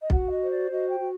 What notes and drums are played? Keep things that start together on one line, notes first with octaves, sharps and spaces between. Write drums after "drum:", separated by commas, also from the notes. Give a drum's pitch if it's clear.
D#5
F#4 F#5, drum: kick B1
D#5
C5
D5
F#4 D#5
G5
F#4